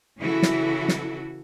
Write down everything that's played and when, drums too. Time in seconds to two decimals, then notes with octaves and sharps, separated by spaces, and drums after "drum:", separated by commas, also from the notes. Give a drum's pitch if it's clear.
0.19 C#3 E3 E4 F#4 A4
0.42 drum: snare
0.89 drum: snare